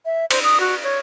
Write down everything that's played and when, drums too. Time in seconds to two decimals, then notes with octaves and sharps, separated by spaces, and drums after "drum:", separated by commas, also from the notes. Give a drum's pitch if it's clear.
0.05 E5
0.31 C5, drum: cymbal
0.44 D#6
0.60 F#4
0.83 C#5